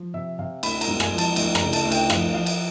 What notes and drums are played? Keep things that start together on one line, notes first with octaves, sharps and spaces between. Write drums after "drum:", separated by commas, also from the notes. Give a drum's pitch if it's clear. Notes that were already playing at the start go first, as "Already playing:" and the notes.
Already playing: F3
C3 E5
C3 F5
D2 B5, drum: cymbal
A#5, drum: cymbal
E1
G#5, drum: rim click
F3
A5, drum: cymbal
D2, drum: cymbal
A#5, drum: rim click
C#3
A5, drum: cymbal
D2
G5, drum: cymbal
F3 F5, drum: rim click
F3 F5
drum: cymbal